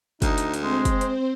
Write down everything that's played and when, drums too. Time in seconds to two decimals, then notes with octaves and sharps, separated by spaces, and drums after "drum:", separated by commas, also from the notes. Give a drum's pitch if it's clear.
0.22 D2 D#4, drum: kick, hi-hat
0.38 drum: hi-hat
0.54 drum: hi-hat
0.63 G#3 C4 C5
0.85 drum: kick, hi-hat
1.01 drum: hi-hat